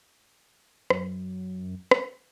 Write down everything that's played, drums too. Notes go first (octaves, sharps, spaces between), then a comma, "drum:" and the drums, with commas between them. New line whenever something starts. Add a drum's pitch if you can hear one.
F#2, drum: rim click
drum: rim click